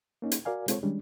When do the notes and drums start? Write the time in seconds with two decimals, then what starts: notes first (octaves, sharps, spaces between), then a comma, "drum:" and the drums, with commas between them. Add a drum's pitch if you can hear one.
0.22 A#3 C#4 D#4
0.32 drum: hi-hat
0.45 F#4 A#4 D5 F5 G#5
0.68 G#3 C4 F4 A4 C5 C#5, drum: hi-hat
0.83 D#3 G3 G#3 C#4 D4